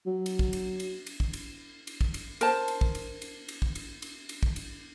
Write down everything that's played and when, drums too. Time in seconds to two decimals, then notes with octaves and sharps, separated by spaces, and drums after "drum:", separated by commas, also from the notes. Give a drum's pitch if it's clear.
0.06 F#3
0.26 drum: cymbal
0.39 drum: kick
0.53 drum: cymbal
0.80 drum: cymbal
1.07 drum: cymbal
1.20 drum: kick
1.33 drum: cymbal
1.87 drum: cymbal
2.01 drum: kick
2.14 drum: cymbal
2.41 A#4 C5 A5, drum: cymbal
2.68 drum: cymbal
2.81 drum: kick
2.95 drum: cymbal
3.22 drum: cymbal
3.48 drum: cymbal
3.62 drum: kick
3.75 drum: cymbal
4.02 drum: cymbal
4.29 drum: cymbal
4.43 drum: kick
4.56 drum: cymbal